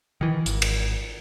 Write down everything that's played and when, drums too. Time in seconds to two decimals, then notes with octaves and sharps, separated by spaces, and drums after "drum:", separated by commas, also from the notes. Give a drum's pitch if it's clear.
0.21 D#3 E3
0.46 G#1, drum: hi-hat
0.62 drum: cymbal